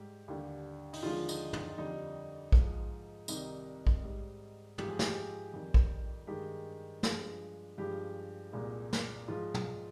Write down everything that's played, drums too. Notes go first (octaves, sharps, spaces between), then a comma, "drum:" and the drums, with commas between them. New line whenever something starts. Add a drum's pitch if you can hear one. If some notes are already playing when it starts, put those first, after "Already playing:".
Already playing: G#2 G3 G4
D#2 D3 G3
D#4, drum: open hi-hat
D#2 D3 F3 G#3 F4
D#4, drum: tambourine
D#4, drum: tom
F2 D3 G3 D#4
G#2 F3 G#3, drum: kick A#1
C2 C3 D#3 G3 D#4, drum: tambourine
drum: kick A#1
G#2 G3
G#2 F3 G#3 G4, drum: tom
G#4
G4, drum: snare
F2 D#3 G3
drum: kick A#1
G2 D#3 G#3 G4
G2 F3 G#3, drum: snare
G2 F3 G#3 G4
C2 A#2 G#3
drum: snare
G#2 F3 G#3 F4
drum: tom